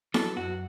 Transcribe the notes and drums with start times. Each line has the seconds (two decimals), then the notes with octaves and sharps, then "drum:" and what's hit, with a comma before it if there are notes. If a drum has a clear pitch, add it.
0.14 F#3 A4, drum: snare E4
0.37 F#2 F#4